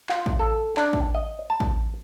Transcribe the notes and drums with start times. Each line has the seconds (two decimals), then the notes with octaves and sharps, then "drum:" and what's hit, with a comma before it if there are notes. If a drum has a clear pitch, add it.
0.09 F4, drum: clap
0.26 drum: kick
0.39 A4
0.77 D4, drum: clap
0.93 drum: kick
1.14 D#5
1.50 A5
1.60 drum: kick